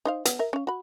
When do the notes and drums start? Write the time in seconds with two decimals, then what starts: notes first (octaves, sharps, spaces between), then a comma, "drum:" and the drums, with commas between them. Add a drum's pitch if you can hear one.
0.05 D#4 C5 F5
0.25 B3, drum: hi-hat
0.39 A#4 E5
0.53 C#4 F5
0.67 F#4 B5